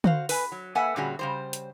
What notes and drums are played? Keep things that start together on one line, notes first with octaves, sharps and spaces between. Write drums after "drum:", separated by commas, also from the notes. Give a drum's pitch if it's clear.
F#4 C5 F5, drum: tom D3
B4 G#5, drum: open hi-hat
F#3
A#3 A4 B4 E5 F#5 G#5
A#2 D3 G3 C#4 F#4 G#4
C#3 G3 C5
drum: hi-hat